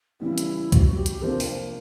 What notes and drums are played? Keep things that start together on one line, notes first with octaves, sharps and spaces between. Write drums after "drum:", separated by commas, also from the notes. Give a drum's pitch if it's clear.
C#3 E3 G3 B3 E4
drum: hi-hat
F#4, drum: kick C2, hi-hat
G4
drum: hi-hat
C3 F3 A#3 D4 C5
drum: open hi-hat